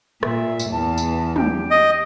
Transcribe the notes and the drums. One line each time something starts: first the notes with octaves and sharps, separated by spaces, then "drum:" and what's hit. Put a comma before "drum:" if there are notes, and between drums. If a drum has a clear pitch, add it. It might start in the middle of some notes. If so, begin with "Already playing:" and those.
A#2 E5, drum: rim click
drum: tambourine
E2 A5
drum: tambourine
G4, drum: tom
D#5